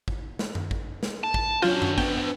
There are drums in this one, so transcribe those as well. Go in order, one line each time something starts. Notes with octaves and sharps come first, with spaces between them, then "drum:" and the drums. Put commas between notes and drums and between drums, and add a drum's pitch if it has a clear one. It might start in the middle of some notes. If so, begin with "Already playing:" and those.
drum: kick
drum: snare
drum: tom F#2
drum: kick
drum: snare
A5
drum: kick
F#3 C#4 D4 F4 C5
drum: tom F#2
B3 G5, drum: kick